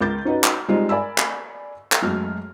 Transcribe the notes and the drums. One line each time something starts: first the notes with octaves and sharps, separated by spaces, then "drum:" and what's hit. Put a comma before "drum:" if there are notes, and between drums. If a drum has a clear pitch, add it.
C#2 A#4 D6 G6 A6
C#4 D#4 F#4 B4
drum: clap
G3 G#3 C4 D#4 F4
A#4 D5 G#5 B5 E6
drum: clap
drum: clap
F#2 G#3 A3 F6